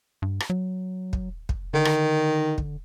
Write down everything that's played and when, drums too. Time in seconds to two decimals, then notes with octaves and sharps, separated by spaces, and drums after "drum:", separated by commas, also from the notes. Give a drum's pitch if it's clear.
0.22 G2
0.40 drum: rim click
0.50 F#3
1.13 drum: kick
1.49 drum: kick
1.74 D3 D#3
1.85 drum: rim click
2.58 drum: kick